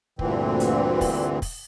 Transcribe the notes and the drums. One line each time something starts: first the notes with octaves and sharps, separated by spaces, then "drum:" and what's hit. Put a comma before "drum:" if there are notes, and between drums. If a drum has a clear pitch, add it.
D2 G2 A#2 D3 E3 C4, drum: kick
drum: hi-hat
drum: kick, open hi-hat
drum: kick, open hi-hat